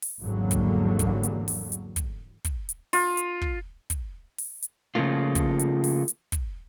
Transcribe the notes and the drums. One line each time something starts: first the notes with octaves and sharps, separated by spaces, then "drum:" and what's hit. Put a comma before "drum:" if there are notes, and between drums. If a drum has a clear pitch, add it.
drum: open hi-hat
G#1 E2 D3 F#3 G3 A#3
drum: kick, hi-hat
drum: kick, hi-hat
drum: hi-hat
drum: open hi-hat
drum: hi-hat
drum: kick, hi-hat
drum: kick, hi-hat
drum: hi-hat
F4, drum: open hi-hat
drum: hi-hat
drum: kick
drum: kick, hi-hat
drum: open hi-hat
drum: hi-hat
C#3 F3 A3 A#3 F4
drum: kick, hi-hat
drum: hi-hat
drum: open hi-hat
drum: hi-hat
drum: kick, hi-hat